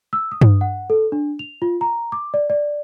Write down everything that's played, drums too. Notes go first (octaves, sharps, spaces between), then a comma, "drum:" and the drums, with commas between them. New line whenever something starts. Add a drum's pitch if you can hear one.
E6
D#6
drum: tom G2
F#5
A4
D4
F7
F4
A#5
D6
D5
D5